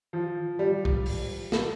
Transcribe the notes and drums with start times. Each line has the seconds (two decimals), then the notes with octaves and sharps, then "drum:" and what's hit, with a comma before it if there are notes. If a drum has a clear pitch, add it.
0.13 F3
0.59 G3
0.85 drum: kick C2
1.06 drum: open hi-hat
1.52 A3, drum: snare